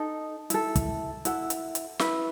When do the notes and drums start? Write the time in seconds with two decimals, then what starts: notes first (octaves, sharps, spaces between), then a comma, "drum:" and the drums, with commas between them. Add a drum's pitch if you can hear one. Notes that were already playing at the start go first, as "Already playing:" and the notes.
Already playing: D#4 A4
0.50 E4 A4, drum: hi-hat
0.76 drum: kick, hi-hat
1.25 E4 A4 F#5, drum: hi-hat
1.50 drum: hi-hat
1.75 drum: hi-hat
1.99 E4 B4, drum: snare